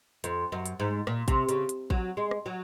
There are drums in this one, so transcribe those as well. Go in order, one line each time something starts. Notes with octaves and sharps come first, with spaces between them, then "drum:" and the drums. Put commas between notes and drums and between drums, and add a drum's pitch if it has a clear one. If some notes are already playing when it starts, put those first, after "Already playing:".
F2, drum: hi-hat
F#2
drum: hi-hat
G#2
A#2, drum: rim click
C3, drum: kick A1, hi-hat
C#3, drum: hi-hat
drum: hi-hat
F#3, drum: kick A1
G#3
drum: rim click
F#3